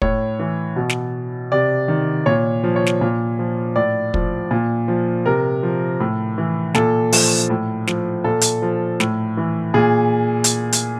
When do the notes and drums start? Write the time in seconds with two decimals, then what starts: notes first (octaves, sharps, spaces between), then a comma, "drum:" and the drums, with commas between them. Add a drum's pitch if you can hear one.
0.02 A2 C#5, drum: kick
0.39 E3
0.76 B2
0.89 drum: snare
1.52 C3 D5
1.88 D#3
2.26 A#2 C#5
2.63 F3
2.76 C#5
2.86 drum: snare
3.01 A#2
3.39 F3
3.76 A2 D5
4.14 F3, drum: kick
4.51 A#2
4.88 F3
5.25 C3 A#4
5.63 F3
6.00 A2
6.38 E3
6.74 A#2 A4, drum: snare
7.12 F3, drum: open hi-hat
7.50 A2
7.87 F3, drum: snare
8.24 A#2 A4
8.41 drum: hi-hat
8.62 F3
9.00 A2, drum: snare
9.37 E3
9.74 A#2 G#4
10.44 drum: hi-hat
10.72 drum: hi-hat